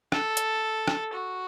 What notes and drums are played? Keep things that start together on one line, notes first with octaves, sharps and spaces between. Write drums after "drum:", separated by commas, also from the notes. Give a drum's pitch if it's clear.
A4, drum: rim click
drum: hi-hat
drum: rim click
F#4